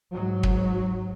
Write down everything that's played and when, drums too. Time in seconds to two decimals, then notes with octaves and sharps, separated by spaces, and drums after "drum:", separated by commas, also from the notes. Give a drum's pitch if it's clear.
0.14 G#2 F#3
0.43 drum: kick